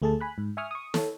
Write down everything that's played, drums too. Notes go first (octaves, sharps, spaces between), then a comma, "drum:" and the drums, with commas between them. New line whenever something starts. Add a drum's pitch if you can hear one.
D2 A3 G#4 A4 A5
G#5 B5 F#6
G#2
E5 G#5 C#6 D#6 F6
C#6 D#6
A4 C#5, drum: snare